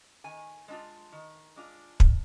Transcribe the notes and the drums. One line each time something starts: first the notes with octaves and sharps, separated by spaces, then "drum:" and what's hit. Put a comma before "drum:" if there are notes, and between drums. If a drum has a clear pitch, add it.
D#3 G#5
G#3 D4 F4
D#3
G#3 D4 F4
F2, drum: kick